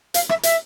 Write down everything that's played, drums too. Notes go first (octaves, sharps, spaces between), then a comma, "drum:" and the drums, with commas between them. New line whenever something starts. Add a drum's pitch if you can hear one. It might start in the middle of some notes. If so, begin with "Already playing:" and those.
F5, drum: hi-hat
E5, drum: rim click
E5, drum: hi-hat